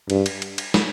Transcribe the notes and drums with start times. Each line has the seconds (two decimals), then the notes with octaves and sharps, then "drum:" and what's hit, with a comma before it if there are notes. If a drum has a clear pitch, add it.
0.10 G2, drum: cymbal
0.26 drum: cymbal
0.42 drum: cymbal
0.58 drum: cymbal
0.74 drum: snare